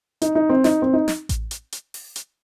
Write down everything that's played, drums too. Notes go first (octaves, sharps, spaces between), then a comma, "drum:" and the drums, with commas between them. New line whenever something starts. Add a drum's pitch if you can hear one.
D#4, drum: hi-hat
D#4
C4
D#4, drum: snare
C4
D#4
drum: snare
drum: kick A1, hi-hat
drum: hi-hat
drum: hi-hat
drum: open hi-hat
drum: hi-hat